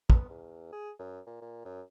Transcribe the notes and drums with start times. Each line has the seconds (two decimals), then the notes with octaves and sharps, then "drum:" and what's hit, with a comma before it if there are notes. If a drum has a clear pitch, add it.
0.10 B3, drum: kick
0.29 E2
0.73 G#4
0.99 F#2
1.27 A#2
1.42 A#2
1.65 F#2